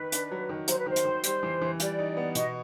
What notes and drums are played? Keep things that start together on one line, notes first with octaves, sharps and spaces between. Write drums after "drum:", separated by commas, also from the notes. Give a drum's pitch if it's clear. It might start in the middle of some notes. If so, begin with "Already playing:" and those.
Already playing: D#3 B4
D4, drum: hi-hat
F#3
D#3
F#3 C5, drum: hi-hat
B4
D#3 C5
drum: hi-hat
D#3
G3, drum: hi-hat
E3
E3
G3 D5, drum: hi-hat
D#4
B3
B2 D#5, drum: hi-hat